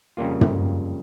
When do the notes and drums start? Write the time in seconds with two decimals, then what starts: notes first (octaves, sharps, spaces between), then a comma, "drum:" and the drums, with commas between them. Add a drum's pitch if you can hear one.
0.17 F2 C#3 G3 A#3 F4
0.41 drum: tom